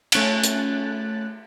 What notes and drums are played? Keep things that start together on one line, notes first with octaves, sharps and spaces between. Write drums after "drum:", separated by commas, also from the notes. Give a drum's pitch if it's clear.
A3 C#4 F#6 A6, drum: cymbal
drum: hi-hat